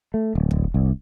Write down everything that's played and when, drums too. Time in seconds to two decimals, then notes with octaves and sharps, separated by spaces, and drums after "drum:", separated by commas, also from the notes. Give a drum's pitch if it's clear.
0.14 A3
0.35 D1
0.51 drum: kick
0.74 C2